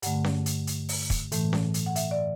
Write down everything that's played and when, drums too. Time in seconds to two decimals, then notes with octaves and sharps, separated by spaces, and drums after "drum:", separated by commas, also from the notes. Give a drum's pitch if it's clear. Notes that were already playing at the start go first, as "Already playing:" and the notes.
0.02 G2 D3 A3 F#5, drum: hi-hat
0.24 drum: snare C#4
0.46 drum: hi-hat
0.67 drum: hi-hat
0.89 drum: open hi-hat
1.10 drum: kick, hi-hat
1.32 A2 E3 A3, drum: hi-hat
1.53 drum: snare C#4
1.74 drum: hi-hat
1.86 F#5
1.96 E5, drum: hi-hat
2.11 D5